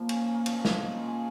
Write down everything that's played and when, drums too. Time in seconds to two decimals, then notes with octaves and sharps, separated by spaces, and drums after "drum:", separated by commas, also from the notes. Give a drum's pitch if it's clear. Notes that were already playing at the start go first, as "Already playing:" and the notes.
Already playing: A#2 F3 A#3
0.09 C#4, drum: cymbal
0.21 C#4
0.34 A#3
0.46 A#2 F3 C#4, drum: cymbal
0.65 drum: snare
0.83 D#4
0.95 F4
1.08 G#4